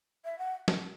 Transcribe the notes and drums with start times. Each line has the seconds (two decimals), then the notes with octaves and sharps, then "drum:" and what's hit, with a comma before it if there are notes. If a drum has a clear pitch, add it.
0.25 E5
0.39 F#5
0.68 drum: snare